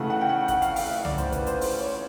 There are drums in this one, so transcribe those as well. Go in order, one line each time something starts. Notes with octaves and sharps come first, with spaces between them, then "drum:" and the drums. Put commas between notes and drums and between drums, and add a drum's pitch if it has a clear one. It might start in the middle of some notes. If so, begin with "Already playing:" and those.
Already playing: C#3 E3 A3 F#5
F#5
G5
F#5
F#5, drum: kick G#1, hi-hat
F5, drum: hi-hat
F5, drum: open hi-hat
E5
D5, drum: tom C2
C5, drum: hi-hat
B4, drum: kick G#1, hi-hat
C5, drum: hi-hat
C5, drum: open hi-hat
C#5